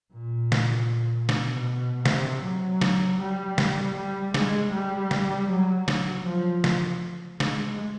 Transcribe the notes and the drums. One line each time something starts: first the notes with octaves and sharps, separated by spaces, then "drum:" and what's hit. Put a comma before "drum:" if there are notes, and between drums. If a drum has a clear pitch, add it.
A#2
drum: snare
B2, drum: snare
C3, drum: snare
F#3
drum: snare
G3
drum: snare
G3
G#3, drum: snare
G3
drum: snare
F#3
F#3, drum: snare
F3
drum: snare
G#3, drum: snare